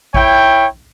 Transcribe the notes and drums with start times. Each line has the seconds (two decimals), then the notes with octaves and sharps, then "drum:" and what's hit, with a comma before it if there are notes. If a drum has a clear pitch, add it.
0.14 E4 C#5 G5, drum: kick A1